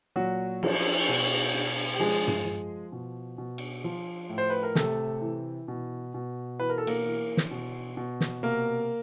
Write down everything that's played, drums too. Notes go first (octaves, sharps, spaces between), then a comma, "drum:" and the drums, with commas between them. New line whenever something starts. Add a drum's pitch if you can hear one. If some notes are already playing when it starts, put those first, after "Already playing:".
A#2 F#3 F#4
F3, drum: cymbal
B2
B2
G4
F3 G#3 G#4
drum: tom G2
F3
B2
B2
drum: cymbal
F3
A2
C5
B4
A#4
C3 A3 A4, drum: snare
E3
B2
B2
E3 B4
A#4
A4
A#3 A#4, drum: cymbal
E3
drum: snare
B2
B2
drum: snare
C3 A#3 A#4